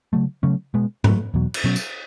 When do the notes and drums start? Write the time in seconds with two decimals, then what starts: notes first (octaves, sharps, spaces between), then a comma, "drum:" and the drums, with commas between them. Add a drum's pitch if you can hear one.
0.13 C#3 F#3 A3
0.43 C#3 F#3 A3 C#4
0.74 B2 G#3 B3
1.04 G#2 F#3 A3, drum: tom G#2
1.34 E2 B2 F#3
1.54 drum: cymbal
1.64 B2 F#3 C#4
1.76 drum: tambourine